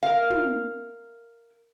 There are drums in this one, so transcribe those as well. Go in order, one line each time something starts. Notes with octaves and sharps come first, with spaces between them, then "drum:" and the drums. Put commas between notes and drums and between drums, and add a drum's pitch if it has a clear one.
A#4 F5
drum: tom